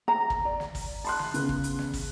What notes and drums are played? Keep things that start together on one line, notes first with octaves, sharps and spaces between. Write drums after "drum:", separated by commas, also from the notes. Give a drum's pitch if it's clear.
A#5
drum: kick
D5
drum: snare
drum: kick, open hi-hat
A5 C6 F#6, drum: open hi-hat
drum: snare
C#3 B3, drum: hi-hat
drum: kick
drum: hi-hat
drum: snare
drum: kick, open hi-hat